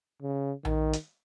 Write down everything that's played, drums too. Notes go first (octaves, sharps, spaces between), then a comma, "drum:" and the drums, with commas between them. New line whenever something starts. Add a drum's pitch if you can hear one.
C#3
D#3, drum: tom A#1
drum: hi-hat